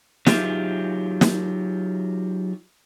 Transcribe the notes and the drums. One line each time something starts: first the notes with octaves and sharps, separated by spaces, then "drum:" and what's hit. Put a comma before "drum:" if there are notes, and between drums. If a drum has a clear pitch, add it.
F#3 D#4 F4 G4 G#4 E5, drum: snare
drum: snare